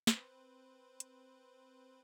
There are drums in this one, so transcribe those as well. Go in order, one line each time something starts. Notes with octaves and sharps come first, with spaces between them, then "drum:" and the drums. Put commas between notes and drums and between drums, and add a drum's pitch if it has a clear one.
C4 B4 C5, drum: snare
drum: hi-hat